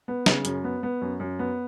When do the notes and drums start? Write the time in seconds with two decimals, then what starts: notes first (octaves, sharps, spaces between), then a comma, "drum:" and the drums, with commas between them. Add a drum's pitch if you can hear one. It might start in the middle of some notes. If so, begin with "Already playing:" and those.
0.08 B3
0.26 C#3, drum: snare
0.45 F#2, drum: hi-hat
0.64 B3
0.83 B3
1.02 F#2
1.20 F#2
1.39 B3